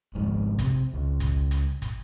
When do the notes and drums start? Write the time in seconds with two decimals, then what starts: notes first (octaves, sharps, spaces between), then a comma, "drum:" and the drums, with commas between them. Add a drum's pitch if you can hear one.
0.14 G#1 F2 G#2
0.59 C3, drum: kick, hi-hat
0.93 C#2
1.20 drum: kick, hi-hat
1.51 drum: hi-hat
1.82 drum: kick, hi-hat